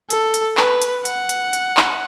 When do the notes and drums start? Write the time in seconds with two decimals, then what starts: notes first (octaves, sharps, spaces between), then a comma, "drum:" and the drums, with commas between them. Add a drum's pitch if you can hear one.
0.10 A4, drum: hi-hat
0.34 drum: hi-hat
0.57 B4, drum: clap
0.82 drum: hi-hat
1.05 F#5, drum: hi-hat
1.29 drum: hi-hat
1.53 drum: hi-hat
1.77 drum: clap